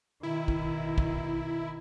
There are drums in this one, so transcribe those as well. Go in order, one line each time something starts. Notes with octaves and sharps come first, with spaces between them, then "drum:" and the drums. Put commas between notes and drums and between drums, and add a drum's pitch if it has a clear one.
B2 D#3 E4
drum: kick
drum: kick